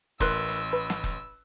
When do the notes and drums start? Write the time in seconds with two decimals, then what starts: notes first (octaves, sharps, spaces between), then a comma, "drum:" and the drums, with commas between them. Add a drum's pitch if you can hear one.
0.20 A1 E4 A#4 B4 C6 E6 F#6, drum: kick, hi-hat
0.48 drum: hi-hat
0.73 B4
0.90 drum: snare
1.04 drum: kick, hi-hat